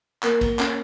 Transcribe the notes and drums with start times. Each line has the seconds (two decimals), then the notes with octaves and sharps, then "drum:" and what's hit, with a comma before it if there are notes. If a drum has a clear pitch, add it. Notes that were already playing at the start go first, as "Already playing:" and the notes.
0.23 A#3, drum: clap
0.41 A#3, drum: kick, cymbal
0.59 C#4, drum: clap